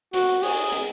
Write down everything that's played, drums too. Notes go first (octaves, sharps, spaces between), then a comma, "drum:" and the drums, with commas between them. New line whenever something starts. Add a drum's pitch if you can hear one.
F#4, drum: hi-hat
G#4, drum: open hi-hat
drum: hi-hat